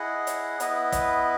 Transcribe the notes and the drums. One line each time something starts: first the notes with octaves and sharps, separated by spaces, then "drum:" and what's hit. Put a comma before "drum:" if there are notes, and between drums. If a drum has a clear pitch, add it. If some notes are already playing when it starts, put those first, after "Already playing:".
Already playing: E4 G#4 D#5 F#5
drum: hi-hat
B3 E4 B4 D#5, drum: hi-hat
drum: kick, hi-hat